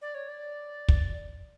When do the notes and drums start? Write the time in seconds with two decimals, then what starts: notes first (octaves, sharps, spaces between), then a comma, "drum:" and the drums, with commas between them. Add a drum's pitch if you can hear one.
0.02 D5
0.15 C#5
0.29 D5
0.89 drum: kick